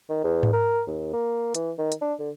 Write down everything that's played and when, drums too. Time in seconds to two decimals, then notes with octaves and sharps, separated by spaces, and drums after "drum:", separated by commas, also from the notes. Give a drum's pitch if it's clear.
0.09 D#3
0.24 E2
0.43 drum: tom G#2
0.53 A#4
0.87 D#2
1.13 A#3
1.55 E3, drum: hi-hat
1.78 D#3
1.92 drum: hi-hat
2.01 D4
2.20 D3